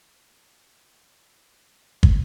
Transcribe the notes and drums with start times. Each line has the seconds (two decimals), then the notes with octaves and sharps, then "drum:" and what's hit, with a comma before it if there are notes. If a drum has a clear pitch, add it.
0.03 G#5
0.08 A#1 G#2 F3 G#3 B3 A5
0.95 F5
1.04 F#5
1.12 G5
1.21 F#2 D#3 G#3 B3 G#5
2.03 drum: kick